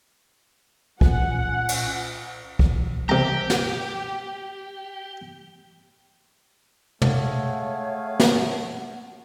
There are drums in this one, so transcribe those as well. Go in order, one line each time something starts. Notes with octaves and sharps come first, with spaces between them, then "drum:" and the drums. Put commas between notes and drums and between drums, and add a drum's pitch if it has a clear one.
A#2 C#4 F#5, drum: kick
drum: cymbal
drum: kick
C3 G4 A#5
drum: snare
G#3 A3 G#4 C#5 F5 F#5, drum: tom
drum: snare